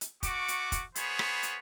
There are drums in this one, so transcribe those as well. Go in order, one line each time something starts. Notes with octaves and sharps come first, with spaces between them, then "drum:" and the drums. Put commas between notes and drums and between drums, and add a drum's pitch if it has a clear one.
drum: hi-hat
A3 F#4 C#6 D6, drum: kick F1, hi-hat
drum: hi-hat
drum: kick F1, hi-hat
A#3 B3 G#4 C5 C#5 B5, drum: hi-hat
drum: rim click
drum: hi-hat